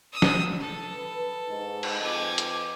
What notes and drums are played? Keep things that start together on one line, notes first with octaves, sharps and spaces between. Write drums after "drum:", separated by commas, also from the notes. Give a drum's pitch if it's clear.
D#6 E6
drum: snare
A4
B4
G#2 D#4
drum: cymbal
F2 B4 D#5 G#5 D6
drum: hi-hat